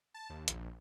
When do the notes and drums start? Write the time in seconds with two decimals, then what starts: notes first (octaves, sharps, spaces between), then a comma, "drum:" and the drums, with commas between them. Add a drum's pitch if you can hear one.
0.14 A5
0.30 D#2
0.48 A#1, drum: hi-hat